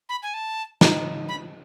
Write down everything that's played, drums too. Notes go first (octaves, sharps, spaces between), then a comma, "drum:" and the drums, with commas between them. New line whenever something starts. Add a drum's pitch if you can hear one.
B5
G#5
A5
D#4, drum: snare
B5